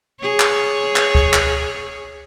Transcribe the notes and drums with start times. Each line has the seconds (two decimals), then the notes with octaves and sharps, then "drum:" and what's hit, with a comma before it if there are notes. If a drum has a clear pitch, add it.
0.21 G#4 C#5
0.40 drum: clap
0.96 drum: clap
1.15 drum: kick C#2
1.34 drum: clap